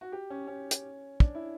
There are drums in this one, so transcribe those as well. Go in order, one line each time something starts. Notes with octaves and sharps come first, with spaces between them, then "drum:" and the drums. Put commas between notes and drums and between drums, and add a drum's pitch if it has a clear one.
F#4
G4
C#4
C#4
drum: hi-hat
D4, drum: kick
E4